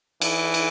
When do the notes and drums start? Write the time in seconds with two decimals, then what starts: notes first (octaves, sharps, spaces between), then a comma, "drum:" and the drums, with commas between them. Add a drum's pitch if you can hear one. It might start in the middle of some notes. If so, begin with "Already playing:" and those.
0.21 E3, drum: cymbal
0.54 drum: cymbal